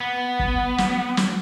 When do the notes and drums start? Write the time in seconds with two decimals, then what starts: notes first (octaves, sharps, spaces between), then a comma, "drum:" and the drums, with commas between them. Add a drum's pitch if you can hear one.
0.01 B3
0.39 drum: kick
0.78 drum: snare
1.17 drum: snare